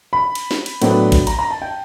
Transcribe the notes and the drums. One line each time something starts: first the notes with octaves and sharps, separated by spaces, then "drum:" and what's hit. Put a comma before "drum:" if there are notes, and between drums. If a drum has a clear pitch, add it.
B5
drum: cymbal
drum: snare
drum: cymbal
A2 F#3 B3 D4, drum: cymbal
drum: kick, cymbal
A#5, drum: cymbal
A#5
A5
G5